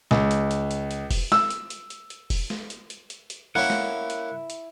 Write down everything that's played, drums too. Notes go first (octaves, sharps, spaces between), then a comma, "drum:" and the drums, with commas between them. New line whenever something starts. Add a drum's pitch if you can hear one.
C#2, drum: snare
drum: hi-hat
drum: hi-hat
drum: hi-hat
drum: hi-hat
drum: kick E1, open hi-hat
E6, drum: snare
drum: hi-hat
drum: hi-hat
drum: hi-hat
drum: hi-hat
drum: kick E1, open hi-hat
drum: snare
drum: hi-hat
drum: hi-hat
drum: hi-hat
drum: hi-hat
A#3 C#4 E4 F#5
drum: snare
drum: hi-hat
drum: hi-hat